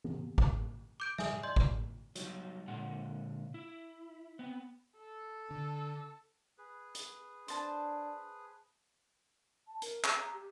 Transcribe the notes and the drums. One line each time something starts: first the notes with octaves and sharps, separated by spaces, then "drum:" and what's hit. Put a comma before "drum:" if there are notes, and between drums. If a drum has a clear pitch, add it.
drum: tom
drum: kick G#1
D6 G6 D7
E5 G#5 D#6, drum: snare
D5 D#5 C6 G6
drum: kick G#1
F#3 G3 D#4, drum: hi-hat
A#2 D3 G#3 F#5
E4
B3 C4
A4
D3
G#4 B4
drum: hi-hat
D4 C5 A5, drum: hi-hat
A5
A#4, drum: hi-hat
G#4, drum: clap
A#5
G4